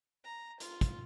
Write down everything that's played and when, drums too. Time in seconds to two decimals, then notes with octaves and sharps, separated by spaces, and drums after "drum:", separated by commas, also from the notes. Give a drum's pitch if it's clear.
0.24 A#5
0.60 F4, drum: hi-hat
0.81 drum: kick, hi-hat